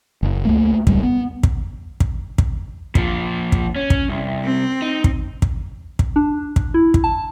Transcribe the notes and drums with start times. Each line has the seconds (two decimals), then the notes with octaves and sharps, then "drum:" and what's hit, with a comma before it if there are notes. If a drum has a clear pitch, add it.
0.23 F#1
0.45 C#2 A3 A#3
0.87 D1 C#2 G3, drum: kick
1.03 B3
1.43 drum: kick
2.00 drum: kick
2.38 drum: kick
2.95 A#2 F3, drum: kick
3.52 drum: kick
3.76 C#4
3.90 drum: kick
4.09 C2
4.44 C4
4.82 D#4
5.04 drum: kick
5.42 drum: kick
5.99 drum: kick
6.16 D4
6.56 drum: kick
6.74 E4
6.94 drum: kick
7.04 A5